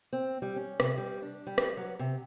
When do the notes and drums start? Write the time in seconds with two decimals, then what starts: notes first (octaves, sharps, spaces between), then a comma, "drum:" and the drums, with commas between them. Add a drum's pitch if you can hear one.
0.13 C4
0.42 G3
0.56 C#4
0.80 C3, drum: rim click
0.98 G3
1.22 D4
1.47 G3
1.58 drum: rim click
1.77 F#3
1.99 C3